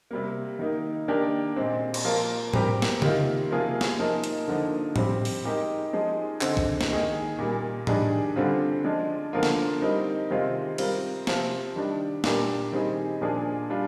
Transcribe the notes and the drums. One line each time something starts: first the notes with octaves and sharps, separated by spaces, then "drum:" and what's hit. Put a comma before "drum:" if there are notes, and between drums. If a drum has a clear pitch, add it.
C3 G3 A#3
D#3 A#3 D#4 A#4
D#3 A#3 D4 G4 A#4
A#2 G#3 C4
drum: cymbal
F3 A#3 F4 A#4
G3 C4 G4 A#4, drum: tom A2
drum: snare
C3 D#3 A#3 F4, drum: tom C#3
C3 F3 A#3 F4 G#4
drum: snare
F3 A#3 D#4 A#4
drum: hi-hat
D3 F3 A#3 D#4
G3 C4 G4, drum: tom A2
drum: open hi-hat
G#3 D#4 G4 A#4
F3 G#3 D#4 G#4
D3 G#3 C4, drum: clap
drum: kick
drum: snare
D#3 A#3 D#4 G#4
A#2 G3 A#3
D#3 G3 D4 G#4, drum: tom A2
D3 G3 C4 F4
F3 G#3 D4
D3 F3 A#3 F4 A#4
drum: snare
G3 C4 D#4 A#4
C3 D#3 G#3 C4 F4
G3 C4 F4 A#4, drum: cymbal
C3 F3 C4 F4, drum: snare
D#3 G3 D4
A#2 G3 D4 G4 A#4, drum: snare
D#3 G3 C4 D#4 G#4
A#2 F3 A#3 D4 G#4
G3 D4 F4